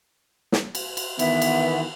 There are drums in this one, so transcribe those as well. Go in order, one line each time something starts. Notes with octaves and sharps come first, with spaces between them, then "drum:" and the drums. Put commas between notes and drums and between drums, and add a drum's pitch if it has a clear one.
drum: snare
drum: cymbal
drum: cymbal
D#3 E3 B3 E5, drum: cymbal
drum: cymbal